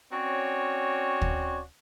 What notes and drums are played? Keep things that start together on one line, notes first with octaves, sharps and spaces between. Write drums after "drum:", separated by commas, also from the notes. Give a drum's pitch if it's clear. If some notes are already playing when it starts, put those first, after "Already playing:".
C4 C#4 F#4 C#5 D5
drum: kick